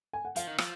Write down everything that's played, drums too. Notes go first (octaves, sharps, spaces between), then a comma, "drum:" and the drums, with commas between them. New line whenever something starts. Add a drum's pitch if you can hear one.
G#5
F#5
F3 F5, drum: hi-hat
D#3
F3, drum: rim click